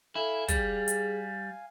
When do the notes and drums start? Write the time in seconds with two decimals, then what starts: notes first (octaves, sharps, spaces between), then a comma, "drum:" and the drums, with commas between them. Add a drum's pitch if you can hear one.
0.15 E4 A4 F5 G#5
0.48 G3 G#4, drum: kick, hi-hat
0.88 drum: hi-hat